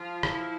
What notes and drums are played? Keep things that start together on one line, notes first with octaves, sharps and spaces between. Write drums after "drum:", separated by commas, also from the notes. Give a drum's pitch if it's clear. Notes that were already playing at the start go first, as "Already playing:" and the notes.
Already playing: F3 F4
E4, drum: rim click